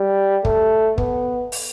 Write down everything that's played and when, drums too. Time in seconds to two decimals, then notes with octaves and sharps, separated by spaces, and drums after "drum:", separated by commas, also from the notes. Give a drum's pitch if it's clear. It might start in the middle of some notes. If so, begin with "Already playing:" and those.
Already playing: G3
0.45 A3, drum: kick
0.98 B3, drum: kick
1.52 drum: open hi-hat